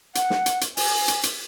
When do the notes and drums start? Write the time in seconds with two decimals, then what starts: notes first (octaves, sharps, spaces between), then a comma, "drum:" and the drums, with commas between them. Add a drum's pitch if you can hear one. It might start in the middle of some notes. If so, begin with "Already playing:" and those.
0.15 F#5, drum: hi-hat
0.30 drum: snare
0.46 drum: hi-hat
0.61 drum: hi-hat
0.77 G#5, drum: open hi-hat
1.08 drum: hi-hat
1.23 drum: hi-hat